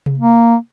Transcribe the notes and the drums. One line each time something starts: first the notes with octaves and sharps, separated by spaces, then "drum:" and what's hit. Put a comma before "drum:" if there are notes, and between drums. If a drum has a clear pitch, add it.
drum: tom C3
A#3